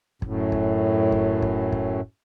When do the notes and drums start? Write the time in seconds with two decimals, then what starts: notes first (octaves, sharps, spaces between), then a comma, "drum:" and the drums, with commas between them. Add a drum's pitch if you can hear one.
0.22 F#2 A2, drum: kick
0.52 drum: kick
1.12 drum: kick
1.42 drum: kick
1.72 drum: kick